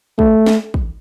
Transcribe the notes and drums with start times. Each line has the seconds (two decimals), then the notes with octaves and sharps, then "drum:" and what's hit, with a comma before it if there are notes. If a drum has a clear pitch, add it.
0.19 A3, drum: kick
0.47 drum: snare
0.74 drum: kick